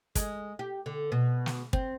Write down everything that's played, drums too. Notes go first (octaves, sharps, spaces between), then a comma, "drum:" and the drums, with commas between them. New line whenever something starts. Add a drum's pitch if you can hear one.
G#3, drum: kick, hi-hat
G4
D3
B2
drum: snare
C4, drum: kick